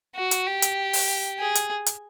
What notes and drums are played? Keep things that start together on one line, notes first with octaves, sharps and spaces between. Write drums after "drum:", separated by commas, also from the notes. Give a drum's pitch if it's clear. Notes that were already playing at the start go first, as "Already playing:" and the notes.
F#4
drum: hi-hat
G4
drum: hi-hat
drum: open hi-hat
G#4
drum: hi-hat
drum: hi-hat